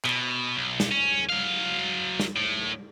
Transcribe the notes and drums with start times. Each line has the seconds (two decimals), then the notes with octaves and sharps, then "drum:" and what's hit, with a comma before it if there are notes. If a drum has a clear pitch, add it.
0.05 B2, drum: clap
0.56 B1
0.80 drum: snare
0.91 C#4
1.29 F#3 F5
2.20 drum: snare
2.37 A2